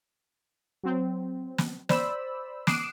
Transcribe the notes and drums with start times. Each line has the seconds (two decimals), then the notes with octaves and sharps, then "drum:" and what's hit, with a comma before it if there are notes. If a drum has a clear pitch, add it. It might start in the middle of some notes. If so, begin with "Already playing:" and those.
0.83 F#3 C4
1.58 drum: snare
1.89 C5 D5 B5 E6, drum: snare
2.67 D6 D#6 F#6 C7 D7 E7, drum: snare